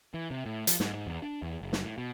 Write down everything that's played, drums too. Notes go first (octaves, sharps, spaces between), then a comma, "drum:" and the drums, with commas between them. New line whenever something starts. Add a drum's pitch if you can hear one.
E3
C3
A2
F3, drum: hi-hat
G#2, drum: snare
G#2
E2
D4
E2
F#1
drum: snare
A2
B2